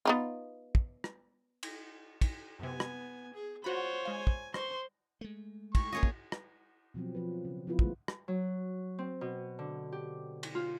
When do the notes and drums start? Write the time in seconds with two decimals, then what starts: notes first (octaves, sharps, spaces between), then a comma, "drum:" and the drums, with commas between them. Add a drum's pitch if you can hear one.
0.05 B3 D#4 F4
0.75 drum: kick
1.04 drum: rim click
1.63 drum: cymbal
2.21 drum: kick, cymbal
2.59 F#2 C3 B3 G#5
2.80 drum: rim click
3.34 G#4
3.64 F4 F#4 C5 C#5 F#5 B5
4.05 G#3 F5 G#5
4.27 drum: kick
4.54 C5 C6 C#6, drum: rim click
5.21 G#3 A3
5.75 C#6, drum: kick, cymbal
5.92 A#3 C#4 F4 G#4 C#5 D#5
6.03 drum: kick
6.32 drum: rim click
6.94 B2 F3 F#3 C4
7.15 F3 B4
7.45 C#3
7.67 F3 B3 E4 F4 B4
7.79 D3 G#3 A3 E4 F4, drum: kick
8.08 drum: rim click
8.28 F#3
8.99 C4
9.21 B2
9.59 D3
9.92 G4
10.43 drum: cymbal
10.55 F4